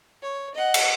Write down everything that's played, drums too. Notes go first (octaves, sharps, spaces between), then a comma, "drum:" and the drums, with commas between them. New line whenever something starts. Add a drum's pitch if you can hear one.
C#5
D#5 F#5
drum: cymbal